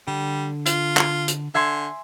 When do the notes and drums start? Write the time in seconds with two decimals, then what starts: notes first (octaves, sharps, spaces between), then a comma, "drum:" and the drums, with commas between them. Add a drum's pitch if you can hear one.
0.08 D3 G3
0.66 F4, drum: hi-hat
0.97 drum: clap
1.28 drum: hi-hat
1.55 D3 E5 G#5 C6